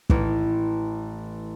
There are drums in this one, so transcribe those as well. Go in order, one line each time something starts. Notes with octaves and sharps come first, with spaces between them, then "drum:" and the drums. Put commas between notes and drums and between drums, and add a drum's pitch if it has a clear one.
A1 E3, drum: kick